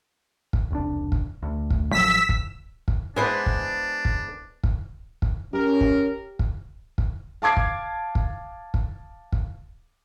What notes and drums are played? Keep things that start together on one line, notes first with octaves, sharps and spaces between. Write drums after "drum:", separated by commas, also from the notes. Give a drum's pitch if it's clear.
drum: kick
E1 C2 D4
drum: kick
D2
drum: kick
A1 F3 F#3 E6 B6
drum: kick
drum: kick
G#3 B3 D4 E4 B4 C5 G#5
drum: kick
drum: kick
drum: kick
drum: kick
C#4 G4 A#4
drum: kick
drum: kick
drum: kick
F5 A5 D6 G#6 C7
drum: kick
drum: kick
drum: kick
drum: kick